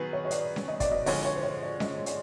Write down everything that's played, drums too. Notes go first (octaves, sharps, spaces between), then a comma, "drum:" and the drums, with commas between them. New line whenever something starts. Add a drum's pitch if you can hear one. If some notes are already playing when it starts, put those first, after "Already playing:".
Already playing: D#3 F#3 B3 G#4 B4
C#5
C#5
D5, drum: hi-hat
drum: snare C#4
D#5
D5, drum: kick, hi-hat
D#5
D3 F3 G#3 C#5, drum: open hi-hat
C#5
C5
C#5
D5
D#5, drum: snare C#4
D5, drum: hi-hat